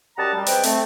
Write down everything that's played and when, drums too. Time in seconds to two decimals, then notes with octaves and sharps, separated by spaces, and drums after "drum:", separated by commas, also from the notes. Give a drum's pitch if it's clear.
0.17 F#2 G3 D#5 F#5 A5 A#5
0.34 G3
0.46 G#3 C4 B4 G5, drum: hi-hat
0.63 A3 C4, drum: hi-hat